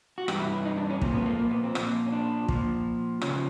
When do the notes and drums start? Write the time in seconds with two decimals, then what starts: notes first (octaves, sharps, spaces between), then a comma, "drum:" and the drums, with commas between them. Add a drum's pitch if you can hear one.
0.18 F#4
0.28 G2 E3 G4, drum: rim click
0.40 E4
0.53 E4
0.65 D#4
0.77 D4
0.90 C#4
1.02 A#2 F3 C4, drum: kick
1.14 B3
1.21 A3
1.26 A#3
1.39 A#3
1.51 B3
1.64 C4
1.75 A#2 F3, drum: rim click
2.06 C#4
2.12 D4
2.49 A#2 F3, drum: kick
3.21 C#3 F3 C#4, drum: rim click